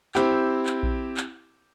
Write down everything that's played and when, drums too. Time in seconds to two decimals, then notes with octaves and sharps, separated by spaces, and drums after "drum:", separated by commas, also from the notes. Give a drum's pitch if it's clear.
0.15 C4 E4 G4, drum: clap
0.66 drum: clap
0.83 drum: kick A#1
1.17 drum: clap